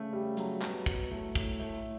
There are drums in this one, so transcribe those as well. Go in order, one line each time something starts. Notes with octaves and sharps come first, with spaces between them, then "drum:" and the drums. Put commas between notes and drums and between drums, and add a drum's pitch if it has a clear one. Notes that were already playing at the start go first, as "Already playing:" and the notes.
Already playing: C#3 A3
G3
F#3, drum: hi-hat
B2 F#3, drum: clap
drum: kick, hi-hat
A2 A3
drum: kick, hi-hat
A3